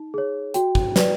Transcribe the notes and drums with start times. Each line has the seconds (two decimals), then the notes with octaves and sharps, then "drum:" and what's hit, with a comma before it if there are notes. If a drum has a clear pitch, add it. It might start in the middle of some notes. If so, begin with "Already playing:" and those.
Already playing: D#4
0.14 G#4 C#5
0.54 F#4 G5, drum: hi-hat
0.75 drum: kick
0.96 B4 D5, drum: snare